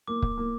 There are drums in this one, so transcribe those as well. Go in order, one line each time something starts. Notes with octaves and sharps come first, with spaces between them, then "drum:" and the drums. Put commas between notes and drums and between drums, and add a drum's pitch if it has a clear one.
A#3 D6
drum: kick
A#3